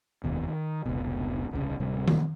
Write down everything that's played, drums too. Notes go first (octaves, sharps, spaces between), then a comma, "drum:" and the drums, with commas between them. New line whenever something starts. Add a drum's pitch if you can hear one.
F1 D#2 B2
D#3
F1 C#2 B2
D#1 C2 C#3
D1 C3 G3
drum: tom D#3